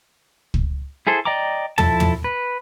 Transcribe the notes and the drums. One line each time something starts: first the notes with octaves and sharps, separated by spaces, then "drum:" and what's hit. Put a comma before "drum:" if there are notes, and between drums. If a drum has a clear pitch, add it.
drum: kick
E4 G#4 A4 C5
D5 D#5 G5 A#5 D6
F3 E4 A4 A5, drum: tom
drum: tom
B4